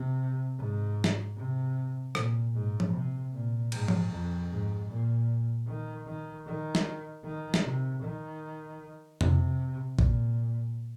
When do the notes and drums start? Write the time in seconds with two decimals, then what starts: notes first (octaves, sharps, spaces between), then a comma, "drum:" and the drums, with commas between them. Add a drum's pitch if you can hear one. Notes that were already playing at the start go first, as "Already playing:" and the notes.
Already playing: C3
0.58 G#2
1.04 drum: snare
1.36 C3
2.15 A#2, drum: rim click
2.54 G#2
2.80 drum: tom F3
2.93 C3
3.32 A#2
3.72 G#2, drum: cymbal
3.88 drum: tom F3
4.11 F2
4.50 G#2
4.89 A#2
5.68 D#3
6.07 D#3
6.46 D#3
6.75 drum: snare
7.25 D#3
7.54 drum: snare
7.64 C3
8.03 D#3
9.21 C3, drum: tom F2
9.99 A#2, drum: kick A1